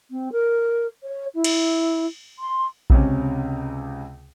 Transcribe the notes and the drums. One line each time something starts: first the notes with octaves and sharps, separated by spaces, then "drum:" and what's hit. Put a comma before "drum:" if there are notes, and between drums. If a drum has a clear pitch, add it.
C4
A#4
C#5
E4
drum: cymbal
C6
C#2 C3 C#4, drum: kick A#1